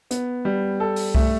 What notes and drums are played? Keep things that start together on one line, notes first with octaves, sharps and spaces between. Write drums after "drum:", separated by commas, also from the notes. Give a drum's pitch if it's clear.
B3, drum: hi-hat
G3
A4
drum: open hi-hat
A3, drum: kick C2